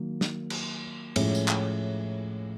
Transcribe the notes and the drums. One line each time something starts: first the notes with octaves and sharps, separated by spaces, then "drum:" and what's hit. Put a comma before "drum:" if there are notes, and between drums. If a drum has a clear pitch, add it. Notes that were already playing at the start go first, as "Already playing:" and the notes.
Already playing: D#3 F#3 A#3
drum: snare
drum: cymbal
A2 F3 G#3 C#4 E4, drum: cymbal
drum: tambourine
drum: clap